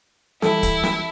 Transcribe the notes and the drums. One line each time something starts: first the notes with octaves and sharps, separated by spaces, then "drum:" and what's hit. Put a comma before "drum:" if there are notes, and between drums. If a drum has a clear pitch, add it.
E3 G3 E4 A4 E5, drum: snare
drum: kick C#1, hi-hat
drum: snare